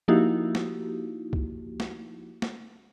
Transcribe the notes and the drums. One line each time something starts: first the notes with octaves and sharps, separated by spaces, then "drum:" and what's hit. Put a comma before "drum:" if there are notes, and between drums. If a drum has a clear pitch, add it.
F3 A#3 D#4 E4 F#4 G4
drum: snare
drum: kick C2
drum: snare
drum: snare